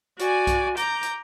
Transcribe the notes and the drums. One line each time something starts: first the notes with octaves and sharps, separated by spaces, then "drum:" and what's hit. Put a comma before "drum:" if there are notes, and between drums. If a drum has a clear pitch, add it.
F#4 D5 G#5, drum: hi-hat
drum: kick B1, hi-hat
A#5 D6 G6, drum: hi-hat
drum: hi-hat